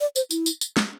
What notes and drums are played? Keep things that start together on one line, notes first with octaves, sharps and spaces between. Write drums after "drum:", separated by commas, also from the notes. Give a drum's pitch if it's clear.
D5
C5, drum: tambourine
E4, drum: tambourine
drum: tambourine
drum: tambourine
drum: snare